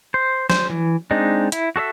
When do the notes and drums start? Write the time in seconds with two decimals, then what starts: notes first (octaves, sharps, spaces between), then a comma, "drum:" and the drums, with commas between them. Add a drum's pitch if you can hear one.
0.14 C5
0.50 C5, drum: snare
0.70 E3
1.11 G#3 C4 D4 D#4
1.52 E4, drum: hi-hat
1.76 F#4 A4 D5 E5